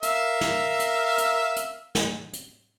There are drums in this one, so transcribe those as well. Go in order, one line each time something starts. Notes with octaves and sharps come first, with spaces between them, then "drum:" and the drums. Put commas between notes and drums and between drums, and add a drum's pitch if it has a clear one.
A#4 E5 F5, drum: hi-hat
drum: snare
drum: hi-hat
drum: hi-hat
drum: hi-hat
drum: snare
drum: hi-hat